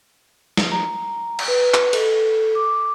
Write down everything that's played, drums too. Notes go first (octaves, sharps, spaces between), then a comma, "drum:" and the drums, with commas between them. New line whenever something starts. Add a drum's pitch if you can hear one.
drum: snare
A#5
drum: cymbal
B4
drum: clap
A4, drum: cymbal
D6